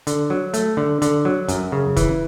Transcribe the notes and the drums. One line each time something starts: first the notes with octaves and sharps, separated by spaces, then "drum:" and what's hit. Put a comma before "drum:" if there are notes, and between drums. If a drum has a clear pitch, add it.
D3, drum: hi-hat
F#3
A3, drum: hi-hat
D3
D3, drum: hi-hat
F#3
F#2, drum: hi-hat
C#3
E3, drum: kick, hi-hat